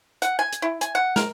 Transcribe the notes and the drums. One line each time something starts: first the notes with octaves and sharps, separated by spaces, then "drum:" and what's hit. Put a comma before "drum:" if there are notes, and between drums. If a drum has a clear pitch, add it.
F#5, drum: hi-hat
G#5
drum: hi-hat
E4
G#5, drum: hi-hat
F#5
A#4, drum: snare